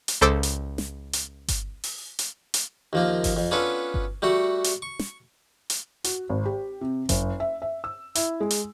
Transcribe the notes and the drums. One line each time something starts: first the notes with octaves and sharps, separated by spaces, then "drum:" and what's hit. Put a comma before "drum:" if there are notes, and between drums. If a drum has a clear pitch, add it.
drum: hi-hat
C#2 A4 C5 D6 E6
drum: hi-hat
drum: snare
drum: hi-hat
drum: kick G1, hi-hat
drum: open hi-hat
drum: hi-hat
drum: hi-hat
D#2 F3 A#3
drum: kick G1, open hi-hat
F2
B3 C#4 D4 F4 A4 B4
drum: kick G1
G3 A3 F#4 F#5
drum: hi-hat
C#6
drum: snare
drum: hi-hat
F#4, drum: hi-hat
G#1
G4
C3
F#1, drum: kick G1, hi-hat
E5
E5
E6
E4, drum: hi-hat
G#3
drum: hi-hat